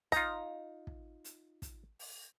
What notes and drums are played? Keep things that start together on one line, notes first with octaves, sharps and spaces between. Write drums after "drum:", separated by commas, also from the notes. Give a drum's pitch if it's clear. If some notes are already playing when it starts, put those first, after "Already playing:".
D#4 F4 A#5, drum: kick, hi-hat
drum: kick
drum: hi-hat
drum: kick, hi-hat
drum: open hi-hat